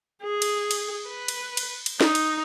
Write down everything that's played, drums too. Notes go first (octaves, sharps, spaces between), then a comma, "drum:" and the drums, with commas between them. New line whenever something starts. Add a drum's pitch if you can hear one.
G#4
drum: cymbal
drum: cymbal
B4
drum: cymbal
drum: cymbal
drum: cymbal
D#4, drum: snare
drum: cymbal